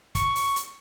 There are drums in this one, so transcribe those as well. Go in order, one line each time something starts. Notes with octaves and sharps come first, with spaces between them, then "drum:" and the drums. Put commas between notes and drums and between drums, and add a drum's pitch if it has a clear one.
C#6, drum: kick, hi-hat
drum: open hi-hat
drum: hi-hat